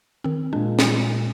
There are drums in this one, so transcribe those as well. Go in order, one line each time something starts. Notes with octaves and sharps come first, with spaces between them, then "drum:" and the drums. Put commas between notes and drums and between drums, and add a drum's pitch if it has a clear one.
D#3 C4
A#2 G#3 D4
drum: snare